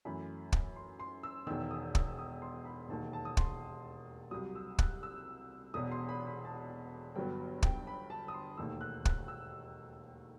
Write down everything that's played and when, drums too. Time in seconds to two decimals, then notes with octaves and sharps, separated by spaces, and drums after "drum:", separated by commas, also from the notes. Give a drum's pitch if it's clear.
0.05 F#2 E3 A3 B5
0.52 drum: kick
0.76 C6
1.00 C6
1.23 E6
1.47 E1 E2 D#3 E6
1.71 D#6
1.95 E6, drum: kick
2.19 D#6
2.42 C6
2.65 B5
2.89 E1 D#2 D#3 A5
3.13 A5
3.25 D#6
3.37 C6, drum: kick
4.31 C2 C3 F#3 D#6
4.55 E6
4.79 F#6, drum: kick
5.03 E6
5.74 E1 E2 B2 D#6
5.91 C6
6.09 B5
6.27 B5
6.45 A5
7.15 G1 G2 F#3 B3 G5
7.63 G5, drum: kick
7.87 B5
8.10 A5
8.28 D#6
8.34 C6
8.58 E1 D#2 D#3 A3 E6
8.81 F#6
9.05 F#6, drum: kick
9.28 E6